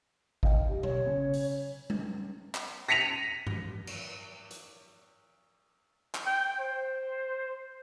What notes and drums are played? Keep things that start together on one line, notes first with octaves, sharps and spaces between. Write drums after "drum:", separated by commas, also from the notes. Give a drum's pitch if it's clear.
D#5 F5 G5, drum: kick G#1
G3
C#5, drum: tom B2
C#3
drum: open hi-hat
drum: tom G3
drum: clap
A#6 B6 C#7 D#7 F7
drum: tom G2
drum: cymbal
drum: hi-hat
drum: clap
G5
C5